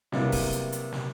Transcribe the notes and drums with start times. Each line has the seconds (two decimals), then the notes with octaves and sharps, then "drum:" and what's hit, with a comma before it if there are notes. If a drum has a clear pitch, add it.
0.12 C3 F#3 G3 A#3 B3 E4, drum: snare
0.32 drum: kick D#1, open hi-hat
0.52 drum: hi-hat
0.72 drum: hi-hat
0.92 drum: snare